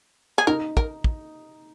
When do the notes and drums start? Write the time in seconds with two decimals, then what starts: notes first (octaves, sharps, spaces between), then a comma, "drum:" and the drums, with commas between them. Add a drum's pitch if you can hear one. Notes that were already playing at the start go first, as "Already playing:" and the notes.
0.38 G#4
0.47 D#4 A#4
0.77 A#4, drum: kick
1.04 drum: kick